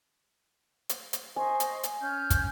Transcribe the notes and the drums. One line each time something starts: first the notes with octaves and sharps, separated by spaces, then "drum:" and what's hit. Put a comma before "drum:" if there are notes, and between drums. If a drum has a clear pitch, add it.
drum: hi-hat
drum: hi-hat
C5 D#5 G#5 C#6
drum: hi-hat
drum: hi-hat
C#4 F6 G6
drum: kick, hi-hat